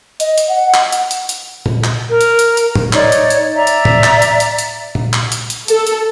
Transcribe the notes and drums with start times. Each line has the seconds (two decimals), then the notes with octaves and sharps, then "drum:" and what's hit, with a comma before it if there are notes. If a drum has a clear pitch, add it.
0.20 D#5, drum: hi-hat
0.38 drum: hi-hat
0.49 F#5
0.74 drum: clap
0.92 drum: hi-hat
1.11 drum: hi-hat
1.29 drum: hi-hat
1.66 drum: tom A#2
1.84 drum: clap
2.10 A#4
2.21 drum: hi-hat
2.39 drum: hi-hat
2.57 drum: hi-hat
2.75 drum: tom A2
2.93 D#4 C#5 D5, drum: clap
3.12 drum: hi-hat
3.30 drum: hi-hat
3.56 D5 E5 A#5
3.67 drum: hi-hat
3.85 drum: tom A2
4.04 drum: clap
4.22 drum: hi-hat
4.40 drum: hi-hat
4.59 drum: hi-hat
4.95 drum: tom A#2
5.13 drum: clap
5.32 drum: hi-hat
5.50 drum: hi-hat
5.68 A4, drum: hi-hat
5.87 drum: hi-hat